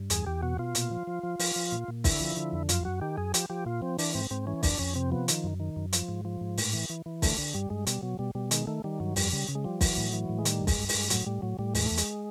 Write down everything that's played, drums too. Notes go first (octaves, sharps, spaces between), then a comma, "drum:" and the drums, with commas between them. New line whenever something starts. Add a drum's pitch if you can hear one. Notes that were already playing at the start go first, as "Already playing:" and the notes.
Already playing: G2
E2 G#4, drum: hi-hat
E2 G4
B2 F#4
B2 F4
A#2, drum: hi-hat
F3
F3
F3
F3, drum: open hi-hat
F3
A#2
A#2
D3 E4, drum: kick, open hi-hat
F3
D3
F2
F#2 F4, drum: hi-hat
F#2 F#4
D#3 G4
F#2 G#4
F3 G4, drum: hi-hat
F3 G4
A#2 F4
F3 C4
E3 D4, drum: open hi-hat
G#2 C4
G#2 C4
E3 C#4
F2 D4, drum: kick, open hi-hat
F2 C#4
C3 C4
F3 B3
D#3, drum: hi-hat
F#2
D#3
F#2
F3, drum: hi-hat
G#2
F3
G#2
A2, drum: open hi-hat
E3
E3
E3
D3 A3, drum: kick, open hi-hat
D3
G2 G3
G2 G#3
B2 G3, drum: hi-hat
B2 F#3
B2 G3
B2 G3
D#3 G#3, drum: hi-hat
D#3 A3
D#3 G3
G2 F#3
F2 G3, drum: open hi-hat
C#3 G3
C#3
G#3
F3 G3
E3 F#3, drum: kick, open hi-hat
A2
E3
A2
G#3
D#3 G3, drum: hi-hat
G2
G#3, drum: kick, open hi-hat
G2
G#3, drum: open hi-hat
G2
A2 F#3, drum: hi-hat
A2 G3
A2 F#3
A2 G3
E2 G#3, drum: open hi-hat
E2 A3
G#3, drum: hi-hat